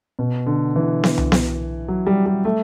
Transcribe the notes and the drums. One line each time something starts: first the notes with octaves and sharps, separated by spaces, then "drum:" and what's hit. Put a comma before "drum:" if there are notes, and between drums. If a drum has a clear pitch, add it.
B2
D3
E3
drum: snare B3
drum: tom C2
drum: snare B3
F#3
G3
G3
A3